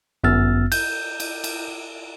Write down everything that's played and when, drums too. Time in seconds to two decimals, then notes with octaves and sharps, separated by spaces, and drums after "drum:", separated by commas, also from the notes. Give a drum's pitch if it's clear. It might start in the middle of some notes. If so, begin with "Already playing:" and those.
0.24 G1 F#2 B3 E6 F6 A6
0.72 G6, drum: cymbal
1.20 drum: cymbal
1.44 drum: cymbal